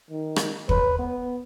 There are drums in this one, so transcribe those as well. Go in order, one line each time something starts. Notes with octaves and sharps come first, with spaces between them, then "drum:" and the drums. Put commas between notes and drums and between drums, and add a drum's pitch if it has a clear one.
D#3
drum: rim click
B4, drum: kick
B3